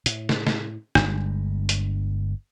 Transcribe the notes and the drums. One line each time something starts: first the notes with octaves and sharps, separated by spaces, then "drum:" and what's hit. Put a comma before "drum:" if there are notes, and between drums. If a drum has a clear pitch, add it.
A2, drum: hi-hat
drum: snare
drum: snare
G1 G2 G#3, drum: rim click
drum: hi-hat